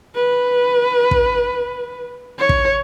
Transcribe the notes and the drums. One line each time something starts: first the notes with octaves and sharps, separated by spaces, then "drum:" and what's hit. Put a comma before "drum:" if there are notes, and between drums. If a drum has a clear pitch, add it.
B4
drum: kick
C#5
drum: kick